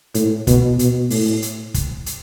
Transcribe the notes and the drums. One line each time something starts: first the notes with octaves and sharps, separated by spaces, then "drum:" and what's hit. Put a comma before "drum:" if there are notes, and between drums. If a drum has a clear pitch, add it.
A2, drum: hi-hat
B2, drum: kick, hi-hat
B2, drum: hi-hat
A2, drum: open hi-hat
drum: hi-hat
drum: kick, hi-hat
drum: hi-hat